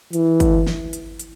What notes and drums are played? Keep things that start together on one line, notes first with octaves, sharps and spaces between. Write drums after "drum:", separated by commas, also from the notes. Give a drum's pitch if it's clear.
E3, drum: hi-hat
drum: kick, hi-hat
drum: snare
drum: hi-hat
drum: hi-hat